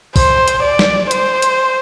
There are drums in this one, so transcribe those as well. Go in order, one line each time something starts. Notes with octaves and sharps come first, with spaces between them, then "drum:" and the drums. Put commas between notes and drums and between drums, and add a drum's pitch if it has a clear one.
C5, drum: kick, open hi-hat
drum: hi-hat
D5
drum: snare
C5, drum: hi-hat
drum: hi-hat